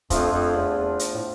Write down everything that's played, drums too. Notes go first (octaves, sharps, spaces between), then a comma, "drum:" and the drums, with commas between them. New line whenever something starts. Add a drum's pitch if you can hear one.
F2 F3 A3 D4 F4, drum: kick, hi-hat
F2
E2
E2
drum: hi-hat
A2